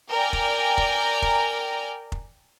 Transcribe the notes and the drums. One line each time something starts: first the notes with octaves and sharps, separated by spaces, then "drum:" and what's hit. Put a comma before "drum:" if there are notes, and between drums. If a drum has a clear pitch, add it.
A#4 D5 G5 G#5 A#5
drum: kick F1
drum: kick F1
drum: kick F1
drum: kick F1